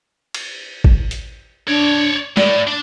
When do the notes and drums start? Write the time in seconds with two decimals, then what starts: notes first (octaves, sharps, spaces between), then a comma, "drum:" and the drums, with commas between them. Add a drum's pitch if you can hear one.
0.34 drum: cymbal
0.84 drum: kick A1
1.11 drum: hi-hat
1.68 D4 C#5 D5
2.37 A2 D5, drum: snare
2.67 D4